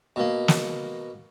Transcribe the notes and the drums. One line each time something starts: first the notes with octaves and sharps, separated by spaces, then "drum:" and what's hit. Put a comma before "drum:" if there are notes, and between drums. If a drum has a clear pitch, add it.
B2 A#3
drum: snare